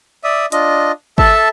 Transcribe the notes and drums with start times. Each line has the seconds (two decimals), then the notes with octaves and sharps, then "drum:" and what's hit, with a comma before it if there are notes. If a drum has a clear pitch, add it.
0.24 D5 E5 D#6
0.52 D4 F4 D#5, drum: hi-hat
1.18 A4 E5 A5, drum: kick G#1